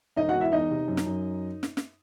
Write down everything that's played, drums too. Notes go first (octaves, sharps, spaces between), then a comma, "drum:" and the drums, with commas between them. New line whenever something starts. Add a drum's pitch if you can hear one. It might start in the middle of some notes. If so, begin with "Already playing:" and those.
E1 D#4 D#5
F#4 F#5
E1
E4 E5
E2 D#4 D#5
C3
F#2
drum: snare
F#2
drum: snare
drum: snare